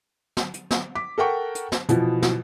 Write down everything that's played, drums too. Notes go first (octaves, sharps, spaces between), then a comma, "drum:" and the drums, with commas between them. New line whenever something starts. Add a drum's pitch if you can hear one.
drum: snare
drum: hi-hat
drum: snare
D6 B6
A4 A#4 F#5 G5 C#6
drum: hi-hat
drum: snare
B2 E3 F3 B3, drum: hi-hat
drum: snare